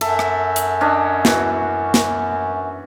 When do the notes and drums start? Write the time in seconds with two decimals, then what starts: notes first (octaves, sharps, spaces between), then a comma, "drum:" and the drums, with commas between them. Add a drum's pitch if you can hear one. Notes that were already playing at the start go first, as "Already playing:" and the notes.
0.01 F#2 A4 E5, drum: cymbal
0.19 drum: rim click
0.56 drum: hi-hat
0.81 C#4 D4 D#5
1.25 E3 F#4, drum: snare
1.94 drum: snare